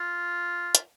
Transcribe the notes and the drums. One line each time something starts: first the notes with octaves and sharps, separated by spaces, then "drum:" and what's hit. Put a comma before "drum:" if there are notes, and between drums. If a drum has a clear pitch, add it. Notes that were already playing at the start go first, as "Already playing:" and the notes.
Already playing: F4
drum: hi-hat